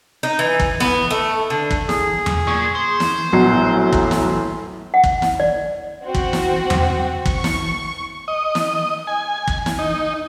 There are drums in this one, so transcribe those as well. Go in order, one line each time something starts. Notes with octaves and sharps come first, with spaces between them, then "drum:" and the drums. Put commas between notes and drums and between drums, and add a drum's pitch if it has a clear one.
D#4
E3
drum: kick
B3, drum: snare
A3
D3
drum: kick
G#4, drum: snare
drum: tom E2
A#2 C#6 G#6
C5
drum: snare
A#1 A2 F#3 B3 C7
drum: kick
drum: snare
F#5
drum: kick
drum: snare
D5
C4 F#4
drum: kick
drum: snare
drum: tom E2
C#6, drum: kick
drum: snare
D#5
drum: snare
G#5
drum: kick
drum: snare
D#4